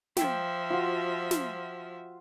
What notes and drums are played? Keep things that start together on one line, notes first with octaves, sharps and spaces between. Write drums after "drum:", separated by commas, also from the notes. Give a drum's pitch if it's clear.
F3 E5 G5, drum: snare
F4 F#4
drum: snare